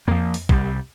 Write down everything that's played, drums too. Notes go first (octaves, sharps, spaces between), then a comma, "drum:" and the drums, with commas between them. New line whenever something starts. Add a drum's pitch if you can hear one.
F2 F3 A#3
drum: open hi-hat
C2 G3, drum: kick